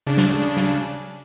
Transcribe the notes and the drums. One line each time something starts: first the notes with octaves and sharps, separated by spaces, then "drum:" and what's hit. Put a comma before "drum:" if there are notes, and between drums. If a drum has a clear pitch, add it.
C#3 D4
drum: snare
drum: snare